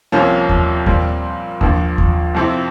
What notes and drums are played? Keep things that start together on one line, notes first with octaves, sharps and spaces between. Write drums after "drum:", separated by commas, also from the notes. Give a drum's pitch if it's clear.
C2 C3 F3 A#3 C#4
drum: kick D#2
A#2 G3 C4, drum: kick D#2
A#1 A#2 F3, drum: kick D#2
drum: kick D#2
F2 C3 F3 C4 E4